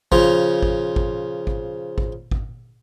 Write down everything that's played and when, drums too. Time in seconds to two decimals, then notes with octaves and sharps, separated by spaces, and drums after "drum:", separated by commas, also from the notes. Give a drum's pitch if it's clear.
0.12 C#3 F3, drum: kick G#1
0.62 drum: kick G#1
0.96 drum: kick G#1
1.47 drum: kick G#1
1.98 drum: kick G#1
2.31 drum: kick G#1